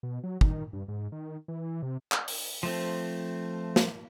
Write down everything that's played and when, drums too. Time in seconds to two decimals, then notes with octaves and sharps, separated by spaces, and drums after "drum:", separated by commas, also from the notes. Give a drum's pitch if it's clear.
0.03 B2
0.24 F#3
0.41 D#3, drum: kick
0.73 G2
0.88 G#2
1.12 D#3
1.48 E3
1.82 C3
2.12 drum: clap
2.28 drum: open hi-hat
2.63 F3 A3 C4
3.76 drum: snare